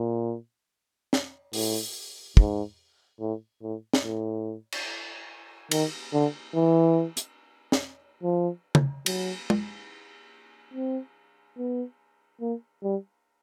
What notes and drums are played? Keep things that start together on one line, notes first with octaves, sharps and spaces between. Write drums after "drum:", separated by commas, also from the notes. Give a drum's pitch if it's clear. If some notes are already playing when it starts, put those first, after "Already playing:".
Already playing: A#2
drum: snare
A2, drum: open hi-hat
G#2, drum: kick
A2
A2
drum: snare
A2
drum: cymbal
D#3, drum: cymbal
D3
E3
drum: hi-hat
drum: snare
F3
drum: tom
F#3, drum: cymbal
drum: tom
C4
B3
A#3
G3